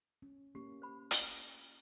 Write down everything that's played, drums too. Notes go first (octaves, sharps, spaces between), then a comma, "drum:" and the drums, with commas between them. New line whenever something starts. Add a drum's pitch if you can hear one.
C#4
A#3 C#4 G4
C5 B5
drum: hi-hat